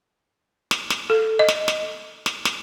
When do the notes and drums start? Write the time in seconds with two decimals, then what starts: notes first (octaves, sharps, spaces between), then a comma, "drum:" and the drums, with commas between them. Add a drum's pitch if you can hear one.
0.71 drum: snare
0.90 drum: snare
1.10 A4
1.39 D#5
1.48 drum: snare
1.68 drum: snare
2.26 drum: snare
2.45 drum: snare